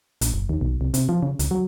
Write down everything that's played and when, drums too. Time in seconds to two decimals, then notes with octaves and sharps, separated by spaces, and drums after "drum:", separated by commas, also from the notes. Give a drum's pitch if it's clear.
0.21 A#1, drum: hi-hat
0.34 F#1
0.49 D#2
0.61 B1
0.81 C2
0.94 C3, drum: hi-hat
1.09 F3
1.23 C#3
1.39 C#2, drum: hi-hat
1.51 F#3